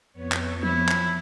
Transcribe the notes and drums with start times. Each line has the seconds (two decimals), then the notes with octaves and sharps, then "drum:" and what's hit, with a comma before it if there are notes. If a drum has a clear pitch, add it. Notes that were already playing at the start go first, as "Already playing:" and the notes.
0.13 F2 B3 C#5
0.32 drum: clap
0.63 F3 E4
0.89 drum: clap